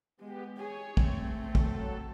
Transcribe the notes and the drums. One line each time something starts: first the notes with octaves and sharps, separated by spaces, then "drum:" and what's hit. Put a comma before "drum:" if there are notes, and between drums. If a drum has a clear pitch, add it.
G#3 B3 G4
G#4 C#5
A3 C4, drum: kick
F#3 A4, drum: kick